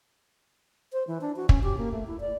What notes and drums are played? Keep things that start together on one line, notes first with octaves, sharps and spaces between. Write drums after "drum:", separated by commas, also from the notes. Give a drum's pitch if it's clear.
C5
E3
D4
F#4
C#4, drum: kick
G4
A#3
A3
E4
D5